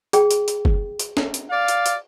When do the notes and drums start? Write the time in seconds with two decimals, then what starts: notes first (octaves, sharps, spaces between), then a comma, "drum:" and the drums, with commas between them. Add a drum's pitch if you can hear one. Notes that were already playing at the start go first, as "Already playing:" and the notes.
0.13 G#4 G5, drum: hi-hat
0.31 drum: hi-hat
0.48 drum: hi-hat
0.65 drum: kick F#1
0.99 drum: hi-hat
1.17 drum: snare
1.34 drum: hi-hat
1.50 D5 F5
1.68 drum: hi-hat
1.86 drum: hi-hat